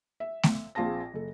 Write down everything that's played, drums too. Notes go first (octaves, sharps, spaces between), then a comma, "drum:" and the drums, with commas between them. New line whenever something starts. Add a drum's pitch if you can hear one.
E5
drum: snare A3
A#1 C4 F4 G#4 A5 A#6
F#1 A4